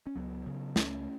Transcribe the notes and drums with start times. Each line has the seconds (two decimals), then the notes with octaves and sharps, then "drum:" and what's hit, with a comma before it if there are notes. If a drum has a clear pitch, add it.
0.07 C#4
0.16 C#2 F#3 B3
0.46 C#3
0.76 C#2 A3 C#4, drum: snare